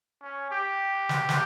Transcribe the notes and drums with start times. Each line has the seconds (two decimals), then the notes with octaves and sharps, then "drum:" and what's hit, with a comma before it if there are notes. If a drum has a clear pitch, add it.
0.21 C#4
0.51 G4
1.09 drum: snare
1.29 drum: snare